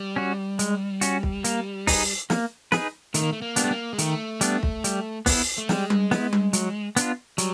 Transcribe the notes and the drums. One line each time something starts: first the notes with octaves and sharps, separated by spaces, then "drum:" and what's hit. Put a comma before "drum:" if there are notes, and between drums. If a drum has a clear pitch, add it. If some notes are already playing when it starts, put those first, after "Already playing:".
Already playing: G3
C#4 F#4
G#3, drum: hi-hat
C#4 F#4, drum: hi-hat
drum: kick
A#3, drum: hi-hat
D#4 G#4 B4, drum: kick, open hi-hat
A#3, drum: snare
D#4 G#4 B4, drum: snare
D#3 A3, drum: hi-hat
A#3
A3
A#3
G3 B3 D4, drum: hi-hat
A3
A#3
G#3
D#3 A3, drum: hi-hat
G3 B3 D4, drum: hi-hat
drum: kick
G3, drum: hi-hat
B3 E4, drum: kick, open hi-hat
A3
G3 G#3, drum: snare
drum: tom G3
B3 E4, drum: snare
drum: tom G3
F#3, drum: hi-hat
B3 D4 F4, drum: hi-hat
F#3 G3, drum: hi-hat